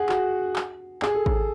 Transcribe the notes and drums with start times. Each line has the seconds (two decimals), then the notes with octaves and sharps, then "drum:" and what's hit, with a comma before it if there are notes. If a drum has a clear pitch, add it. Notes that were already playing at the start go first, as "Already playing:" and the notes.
Already playing: G#4 F#5
0.09 F#4, drum: clap
0.56 drum: clap
1.02 G#4, drum: clap
1.15 A4
1.26 A4, drum: kick A1